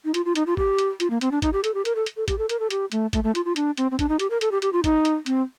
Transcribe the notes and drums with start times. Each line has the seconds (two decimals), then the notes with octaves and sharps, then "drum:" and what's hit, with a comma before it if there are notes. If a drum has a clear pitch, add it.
0.05 D#4
0.14 F4, drum: hi-hat
0.25 F4
0.35 D#4, drum: hi-hat
0.47 F4
0.57 G4, drum: kick
0.78 drum: hi-hat
1.00 F4, drum: hi-hat
1.10 A#3
1.21 C4, drum: hi-hat
1.32 D4
1.42 D#4, drum: kick, hi-hat
1.53 G4
1.64 A4, drum: hi-hat
1.74 G4
1.85 A#4, drum: hi-hat
1.96 A4
2.06 drum: hi-hat
2.17 A4
2.28 G4, drum: kick, hi-hat
2.39 A4
2.49 A#4, drum: hi-hat
2.60 A4
2.70 G4, drum: hi-hat
2.92 A3, drum: hi-hat
3.13 A3, drum: kick, hi-hat
3.24 A3
3.35 F4, drum: hi-hat
3.45 F4
3.56 D4, drum: hi-hat
3.77 C4, drum: hi-hat
3.91 C4
3.99 D4, drum: kick, hi-hat
4.09 D#4
4.19 G4, drum: hi-hat
4.30 A#4
4.41 A4, drum: hi-hat
4.52 G4
4.62 G4, drum: hi-hat
4.73 F4
4.84 D#4, drum: kick, hi-hat
5.05 drum: hi-hat
5.26 C4, drum: hi-hat